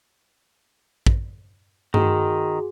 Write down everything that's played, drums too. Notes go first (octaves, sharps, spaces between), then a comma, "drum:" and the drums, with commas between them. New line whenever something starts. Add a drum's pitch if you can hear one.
drum: kick
D#3 F#4 G#4, drum: tom G2